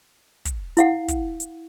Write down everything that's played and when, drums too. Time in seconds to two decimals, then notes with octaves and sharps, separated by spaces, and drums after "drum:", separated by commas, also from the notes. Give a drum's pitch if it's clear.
0.45 drum: kick, hi-hat
0.77 E4 F5 F#5, drum: hi-hat
1.08 drum: kick, hi-hat
1.40 drum: hi-hat